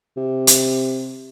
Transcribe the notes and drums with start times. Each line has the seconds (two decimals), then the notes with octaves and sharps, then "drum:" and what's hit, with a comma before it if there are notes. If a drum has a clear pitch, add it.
0.16 C3
0.47 drum: hi-hat